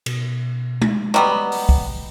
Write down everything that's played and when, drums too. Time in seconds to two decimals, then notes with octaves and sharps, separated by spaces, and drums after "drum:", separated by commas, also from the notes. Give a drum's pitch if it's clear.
0.06 B2, drum: cymbal
0.82 drum: tom G#3
1.14 F#3 G3 B3 D#5
1.52 drum: open hi-hat
1.69 drum: kick